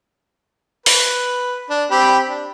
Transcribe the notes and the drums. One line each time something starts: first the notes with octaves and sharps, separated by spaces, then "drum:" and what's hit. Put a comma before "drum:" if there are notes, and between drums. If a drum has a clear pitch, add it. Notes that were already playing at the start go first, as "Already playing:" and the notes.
B4, drum: open hi-hat
D4
C4 G4 B5
D4